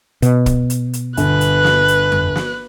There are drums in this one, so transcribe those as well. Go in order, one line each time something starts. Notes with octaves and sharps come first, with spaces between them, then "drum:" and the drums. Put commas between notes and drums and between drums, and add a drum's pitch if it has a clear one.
B2, drum: hi-hat
drum: kick, hi-hat
drum: hi-hat
drum: hi-hat
G1 B4 F#6, drum: hi-hat
drum: hi-hat
drum: snare
drum: hi-hat
drum: tom F2
drum: snare